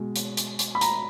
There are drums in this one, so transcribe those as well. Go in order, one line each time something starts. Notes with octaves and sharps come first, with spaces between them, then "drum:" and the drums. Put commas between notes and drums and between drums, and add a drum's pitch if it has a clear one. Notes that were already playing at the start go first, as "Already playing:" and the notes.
Already playing: B2 G#3
drum: hi-hat
drum: hi-hat
drum: hi-hat
B5
A#5, drum: hi-hat